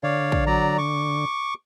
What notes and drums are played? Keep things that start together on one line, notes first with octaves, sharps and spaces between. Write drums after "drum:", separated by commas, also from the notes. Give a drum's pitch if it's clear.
D3 C#5 D5 F5
drum: kick
F#3 D5 A#5
C#6 D6